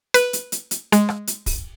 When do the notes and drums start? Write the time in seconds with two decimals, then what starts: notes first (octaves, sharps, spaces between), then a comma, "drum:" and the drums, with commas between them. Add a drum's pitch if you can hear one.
0.14 B4, drum: hi-hat
0.33 drum: hi-hat
0.52 drum: hi-hat
0.71 drum: hi-hat
0.92 G#3, drum: hi-hat
1.09 drum: rim click
1.27 drum: hi-hat
1.46 drum: kick, open hi-hat